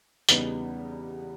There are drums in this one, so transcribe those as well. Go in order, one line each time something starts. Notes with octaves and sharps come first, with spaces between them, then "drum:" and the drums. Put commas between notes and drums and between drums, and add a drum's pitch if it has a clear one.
E2 C#3 G3 B3 D#4, drum: hi-hat